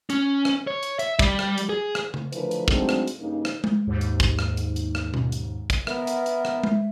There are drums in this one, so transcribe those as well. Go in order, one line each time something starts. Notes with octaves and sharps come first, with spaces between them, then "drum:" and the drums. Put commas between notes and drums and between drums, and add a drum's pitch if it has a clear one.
C#4, drum: hi-hat
drum: rim click
C#5
drum: hi-hat
E5, drum: hi-hat
G3, drum: kick, hi-hat
drum: rim click
drum: hi-hat
G#4
drum: rim click
drum: tom C#3
A2 D3 E3 F3 A#4 B4, drum: hi-hat
drum: hi-hat
F#3 G#3 A3 C4 D4 D#4, drum: kick
drum: rim click
drum: hi-hat
G2 C#3 A#3 D#4
drum: rim click
drum: tom G#3
D#2 G#2
drum: hi-hat
drum: kick, hi-hat
drum: rim click
drum: hi-hat
drum: hi-hat
drum: rim click
drum: tom B2
drum: hi-hat
drum: kick, hi-hat
B3 A#4 E5, drum: rim click
drum: hi-hat
drum: hi-hat
drum: rim click
drum: tom G#3